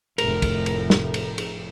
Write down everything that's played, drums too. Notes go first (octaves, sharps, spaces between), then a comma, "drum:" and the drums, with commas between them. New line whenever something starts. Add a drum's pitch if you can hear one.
F1 A2 A#4, drum: cymbal
drum: kick, cymbal
drum: cymbal
drum: snare
drum: cymbal
drum: cymbal